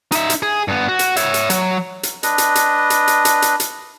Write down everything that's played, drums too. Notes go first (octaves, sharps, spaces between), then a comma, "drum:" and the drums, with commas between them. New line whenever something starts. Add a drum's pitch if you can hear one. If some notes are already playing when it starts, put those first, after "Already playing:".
D#4 E5, drum: hi-hat
drum: hi-hat
G#4
G2 B3
F#4
drum: hi-hat
C#5 E5, drum: hi-hat
drum: hi-hat
F#3, drum: hi-hat
drum: hi-hat
D4 B4 D#5, drum: hi-hat
drum: hi-hat
drum: hi-hat
drum: hi-hat
drum: hi-hat
drum: hi-hat
drum: hi-hat
drum: hi-hat